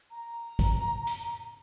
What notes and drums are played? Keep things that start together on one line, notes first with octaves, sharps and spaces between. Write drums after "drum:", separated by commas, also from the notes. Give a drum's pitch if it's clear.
A#5
drum: kick, hi-hat
drum: hi-hat